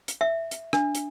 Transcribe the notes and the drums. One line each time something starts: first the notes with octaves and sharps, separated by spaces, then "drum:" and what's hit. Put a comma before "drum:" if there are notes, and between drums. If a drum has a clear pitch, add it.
drum: hi-hat
E5
drum: hi-hat
D4, drum: rim click
drum: hi-hat